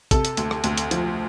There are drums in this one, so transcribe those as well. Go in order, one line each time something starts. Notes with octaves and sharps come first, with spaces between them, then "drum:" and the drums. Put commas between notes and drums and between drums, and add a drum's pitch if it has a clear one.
C3 A4, drum: kick, hi-hat
drum: hi-hat
D2, drum: hi-hat
drum: rim click
D2, drum: hi-hat
drum: hi-hat
F3, drum: hi-hat